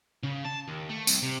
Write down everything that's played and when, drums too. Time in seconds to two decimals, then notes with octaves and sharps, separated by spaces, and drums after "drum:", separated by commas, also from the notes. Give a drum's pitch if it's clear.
0.23 C#3
0.44 A5
0.68 D#2
0.90 A3
1.07 C2, drum: tambourine
1.22 C3